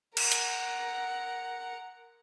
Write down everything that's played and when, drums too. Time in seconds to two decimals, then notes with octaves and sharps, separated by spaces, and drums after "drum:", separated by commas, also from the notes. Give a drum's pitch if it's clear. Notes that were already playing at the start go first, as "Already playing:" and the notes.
0.17 A#4 F#5, drum: cymbal
0.32 drum: hi-hat